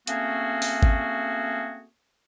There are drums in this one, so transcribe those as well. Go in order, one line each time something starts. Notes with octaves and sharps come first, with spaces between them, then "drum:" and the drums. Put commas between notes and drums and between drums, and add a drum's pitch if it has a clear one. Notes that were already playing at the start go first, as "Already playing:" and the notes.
A3 A#3 C4 C#4 F#4 G#4, drum: hi-hat
drum: open hi-hat
drum: kick G#1